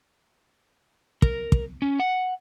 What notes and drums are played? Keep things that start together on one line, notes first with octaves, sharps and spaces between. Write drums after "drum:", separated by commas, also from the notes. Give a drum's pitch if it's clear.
A#4, drum: kick
drum: kick
C#4
F#5